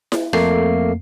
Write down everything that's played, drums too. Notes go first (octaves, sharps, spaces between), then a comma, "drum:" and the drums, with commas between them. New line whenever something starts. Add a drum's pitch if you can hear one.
drum: snare
F2 A3 A#3 C7, drum: rim click